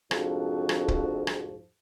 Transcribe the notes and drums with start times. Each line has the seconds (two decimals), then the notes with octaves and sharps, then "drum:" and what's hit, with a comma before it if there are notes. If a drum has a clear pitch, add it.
0.11 C2 F2 G#2 F3 D4 F#4, drum: rim click
0.69 drum: rim click
0.88 drum: kick C#1
1.27 drum: rim click